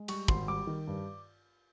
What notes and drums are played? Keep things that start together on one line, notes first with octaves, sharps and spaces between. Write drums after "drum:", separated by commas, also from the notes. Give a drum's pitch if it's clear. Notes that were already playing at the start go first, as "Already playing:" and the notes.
Already playing: G#3
G3 C#6, drum: cymbal
G#1 C6, drum: kick
G3 D6
D#3
G2